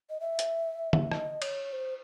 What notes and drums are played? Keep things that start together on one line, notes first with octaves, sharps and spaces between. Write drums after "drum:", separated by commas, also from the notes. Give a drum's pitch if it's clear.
D#5
E5
drum: hi-hat
drum: tom D3
D#5, drum: rim click
C#5, drum: cymbal
C5